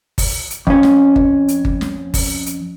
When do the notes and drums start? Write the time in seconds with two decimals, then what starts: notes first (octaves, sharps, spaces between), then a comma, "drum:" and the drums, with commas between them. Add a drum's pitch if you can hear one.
0.18 drum: kick G1, open hi-hat
0.50 drum: hi-hat
0.67 F2 C#4, drum: kick G1
0.83 drum: snare
1.16 drum: kick G1
1.48 drum: hi-hat
1.65 drum: kick G1
1.81 drum: snare
2.14 drum: kick G1, open hi-hat
2.46 drum: hi-hat